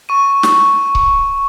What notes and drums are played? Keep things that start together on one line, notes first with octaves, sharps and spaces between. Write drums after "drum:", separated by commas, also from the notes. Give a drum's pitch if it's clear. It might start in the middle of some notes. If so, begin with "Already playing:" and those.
C#6 D#7
drum: snare
drum: kick C#1